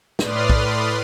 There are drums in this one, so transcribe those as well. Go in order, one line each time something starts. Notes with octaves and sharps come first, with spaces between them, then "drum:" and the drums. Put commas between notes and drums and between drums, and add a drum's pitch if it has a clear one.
A2 B4 D5 C6 D#6 F6, drum: snare
drum: kick B1